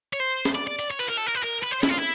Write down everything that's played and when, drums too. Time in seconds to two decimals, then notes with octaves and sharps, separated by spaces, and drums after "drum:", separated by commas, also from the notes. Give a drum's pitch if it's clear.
0.13 C#5
0.20 C5
0.45 drum: snare
0.55 D5
0.67 D5
0.79 D5, drum: hi-hat
0.91 C#5
0.99 B4, drum: cymbal
1.09 A#4
1.17 A4
1.26 A#4
1.35 B4
1.43 A#4
1.63 B4
1.71 C5
1.83 E4, drum: snare
1.89 F4
1.99 E4